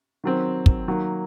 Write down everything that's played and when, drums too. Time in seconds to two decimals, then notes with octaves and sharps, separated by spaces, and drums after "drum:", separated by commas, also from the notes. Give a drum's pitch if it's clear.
0.24 D#3 F#3 C4
0.66 drum: kick
0.88 D#3 F#3 A#3